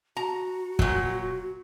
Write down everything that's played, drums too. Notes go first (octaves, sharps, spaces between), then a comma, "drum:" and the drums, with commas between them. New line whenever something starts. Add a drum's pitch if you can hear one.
F#4 A#5
A#2 F#3, drum: kick